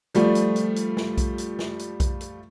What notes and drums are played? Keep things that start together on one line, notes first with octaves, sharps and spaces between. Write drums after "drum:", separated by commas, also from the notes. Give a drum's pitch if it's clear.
F3 G3 A3 F4, drum: hi-hat
drum: hi-hat
drum: hi-hat
drum: hi-hat
drum: snare
drum: kick B1, hi-hat
drum: hi-hat
drum: snare
drum: hi-hat
drum: kick B1, hi-hat
drum: hi-hat